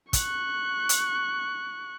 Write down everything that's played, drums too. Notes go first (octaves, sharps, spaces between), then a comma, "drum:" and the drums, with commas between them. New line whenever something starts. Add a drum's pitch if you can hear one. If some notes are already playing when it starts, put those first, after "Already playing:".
C#6 F#6, drum: kick, hi-hat
drum: hi-hat